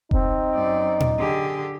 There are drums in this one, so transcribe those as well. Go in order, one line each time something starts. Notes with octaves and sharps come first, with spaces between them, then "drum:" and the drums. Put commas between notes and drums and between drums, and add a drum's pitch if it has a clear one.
C4 D#4, drum: kick F1
F#2 D5
drum: tom A#2
D3 G4 G#4